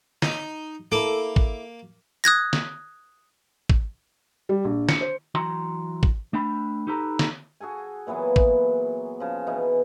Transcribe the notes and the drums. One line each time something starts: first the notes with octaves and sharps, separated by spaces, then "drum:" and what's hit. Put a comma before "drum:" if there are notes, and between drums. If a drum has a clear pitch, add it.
D#4, drum: snare
A#3 E4 A4 D6
drum: kick
D#6 F#6 G#6 A#6
drum: snare
drum: kick
G3
A#1
C#7, drum: snare
C5
E3 F#3 F#4 G5 A#5 C6
drum: kick
A3 D4 G5 B5
D#4 G4 A4 B4 A#5
drum: snare
F#4 G#4 A4 G#5
A#2 E3 F#3 B3
drum: kick
C#3 F3
B2 E3 D#4